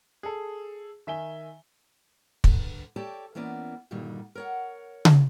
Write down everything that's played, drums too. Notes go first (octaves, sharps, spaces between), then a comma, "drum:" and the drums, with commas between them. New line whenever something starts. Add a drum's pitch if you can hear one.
G#4 A4
D#3 E5 G#5 G7
G2 D3, drum: kick
G4 A4 C#5 D5 G5 A5
E3 A#3 B3 C#4 D5
G2 A#2 D3 D#3 G3 F#4
A#4 C#5 F#5
drum: tom C#3